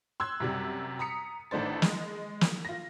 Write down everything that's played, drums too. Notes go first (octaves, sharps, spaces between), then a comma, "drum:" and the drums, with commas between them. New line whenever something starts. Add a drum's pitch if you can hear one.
C6 E6 F#6 G#6
F#2 C3 G3
A#5 D#6 B6 C#7
A1 D#3 A3 D4 C5 A6
G#3, drum: snare
drum: snare
F4 A#6